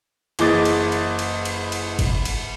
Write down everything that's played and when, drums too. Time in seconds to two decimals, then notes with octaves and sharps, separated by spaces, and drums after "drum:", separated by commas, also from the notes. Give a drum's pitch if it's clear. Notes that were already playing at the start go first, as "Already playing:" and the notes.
0.39 F#1 E3 G#4 D#5 D6 A6, drum: cymbal
0.65 drum: cymbal
0.92 drum: cymbal
1.19 drum: cymbal
1.45 drum: cymbal
1.72 drum: cymbal
1.99 drum: kick G1, cymbal
2.25 drum: cymbal